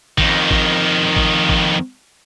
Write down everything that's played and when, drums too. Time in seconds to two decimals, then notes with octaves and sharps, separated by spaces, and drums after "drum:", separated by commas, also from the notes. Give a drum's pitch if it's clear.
0.18 F2 D#3, drum: kick G#1
0.51 drum: kick G#1
1.17 drum: kick G#1
1.49 drum: kick G#1